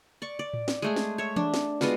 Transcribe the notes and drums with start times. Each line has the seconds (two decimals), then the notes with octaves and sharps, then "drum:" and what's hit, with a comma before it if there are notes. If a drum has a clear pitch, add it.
0.22 D5 C#6
0.39 D5
0.54 drum: tom A2
0.68 drum: snare
0.82 G#3 A3 G#4
0.96 drum: snare
1.18 C#5 E5
1.36 D4, drum: tom E3
1.54 drum: snare
1.81 G#3 B3 F4 F#4, drum: snare